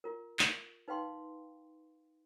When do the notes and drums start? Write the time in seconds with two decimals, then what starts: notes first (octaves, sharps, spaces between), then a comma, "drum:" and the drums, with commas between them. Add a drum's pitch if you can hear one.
0.04 F4 A#4
0.39 drum: clap
0.88 D#4 B4 F5 G5 C6